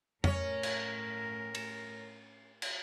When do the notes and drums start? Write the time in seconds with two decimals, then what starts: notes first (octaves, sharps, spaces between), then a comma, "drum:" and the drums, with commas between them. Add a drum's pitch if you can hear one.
0.24 A2 C#4 A#4 C#5, drum: tom F2
0.63 drum: cymbal
1.55 drum: cymbal
2.62 drum: cymbal